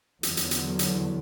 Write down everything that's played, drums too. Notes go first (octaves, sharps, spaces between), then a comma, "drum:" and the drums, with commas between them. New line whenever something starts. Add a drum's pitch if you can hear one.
E2 D3 F#3, drum: hi-hat
drum: hi-hat
drum: hi-hat
drum: hi-hat